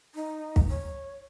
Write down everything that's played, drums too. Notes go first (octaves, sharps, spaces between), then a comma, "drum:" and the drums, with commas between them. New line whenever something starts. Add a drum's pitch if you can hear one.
D#4
drum: kick
C#5